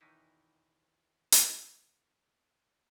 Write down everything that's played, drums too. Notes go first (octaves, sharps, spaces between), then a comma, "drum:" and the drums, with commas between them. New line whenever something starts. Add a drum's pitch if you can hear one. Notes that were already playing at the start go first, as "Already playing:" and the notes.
E2 B2 D#3 E3 D#4 E4
drum: hi-hat